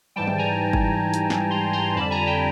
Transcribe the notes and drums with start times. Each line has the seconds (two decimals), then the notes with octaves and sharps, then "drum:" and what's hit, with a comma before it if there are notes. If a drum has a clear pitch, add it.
0.16 G#2 E3 G3 G5 A5
0.27 drum: tom D3
0.38 G#5 A#5
0.73 drum: kick G1
1.14 drum: hi-hat
1.30 drum: snare
1.50 A#5 C6
1.73 A#5 C6
1.95 F2 D3 G3 A5 B5
2.11 G#5 A#5
2.26 G5 A5